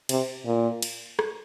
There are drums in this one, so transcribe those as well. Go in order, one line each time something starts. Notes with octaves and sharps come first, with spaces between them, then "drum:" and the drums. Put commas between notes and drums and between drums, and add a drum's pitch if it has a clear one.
C3, drum: cymbal
A#2
drum: cymbal
drum: rim click